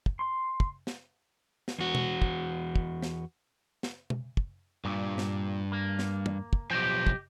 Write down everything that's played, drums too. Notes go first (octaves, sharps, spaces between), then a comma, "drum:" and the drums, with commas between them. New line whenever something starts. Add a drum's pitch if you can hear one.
drum: kick
C6
drum: kick
drum: snare
drum: snare
E2 F#4
drum: tom B2
drum: kick
drum: kick
drum: snare
drum: snare
drum: tom B2
drum: kick
G2 A#2
drum: snare
A#3
drum: snare
drum: tom
drum: kick
B1 F3 G4 D#5 G5
drum: kick